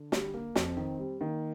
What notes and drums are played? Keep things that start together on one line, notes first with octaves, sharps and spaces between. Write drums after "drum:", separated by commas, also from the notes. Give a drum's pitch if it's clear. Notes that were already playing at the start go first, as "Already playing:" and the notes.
Already playing: D3
G3, drum: snare
A#3
F2 C4, drum: snare
D#3
G3
D#3 A#3